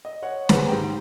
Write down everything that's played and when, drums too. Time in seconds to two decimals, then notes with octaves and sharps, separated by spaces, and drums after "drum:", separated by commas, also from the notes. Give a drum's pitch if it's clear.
0.05 D#5
0.22 C#5 F#5
0.49 G#4 B4 C5, drum: snare
0.67 G#2 G4 G5 A#5